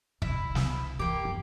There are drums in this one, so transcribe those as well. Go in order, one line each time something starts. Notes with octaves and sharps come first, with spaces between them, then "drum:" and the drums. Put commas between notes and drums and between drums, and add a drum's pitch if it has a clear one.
C2 E4, drum: kick
drum: snare
E3 A#3 G4
F#2